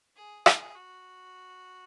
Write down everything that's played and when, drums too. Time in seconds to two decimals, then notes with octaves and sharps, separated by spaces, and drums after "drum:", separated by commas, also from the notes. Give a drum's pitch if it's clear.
0.16 G#4
0.46 G#4, drum: rim click
0.76 F#4